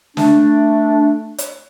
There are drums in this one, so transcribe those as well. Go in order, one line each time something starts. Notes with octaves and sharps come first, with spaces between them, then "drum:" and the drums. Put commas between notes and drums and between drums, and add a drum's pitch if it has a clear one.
A3 D4, drum: snare
drum: hi-hat